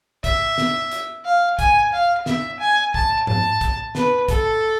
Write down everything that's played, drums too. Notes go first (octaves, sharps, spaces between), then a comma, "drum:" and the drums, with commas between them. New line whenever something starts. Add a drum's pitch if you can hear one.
E5, drum: kick, hi-hat
drum: snare
drum: hi-hat
F5
G#5, drum: kick, hi-hat
F5
E5, drum: snare
G#5
A5, drum: kick
A5, drum: tom G#2
drum: kick, hi-hat
B4, drum: snare
A4, drum: kick, hi-hat